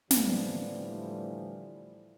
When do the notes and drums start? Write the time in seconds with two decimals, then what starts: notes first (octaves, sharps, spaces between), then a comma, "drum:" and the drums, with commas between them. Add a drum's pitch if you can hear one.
0.11 A2 D3 E3 F3 G3, drum: snare